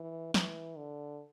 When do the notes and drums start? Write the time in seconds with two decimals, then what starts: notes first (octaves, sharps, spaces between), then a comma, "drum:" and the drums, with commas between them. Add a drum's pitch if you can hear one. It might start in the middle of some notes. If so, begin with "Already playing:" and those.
Already playing: E3
0.34 E3, drum: snare
0.77 D3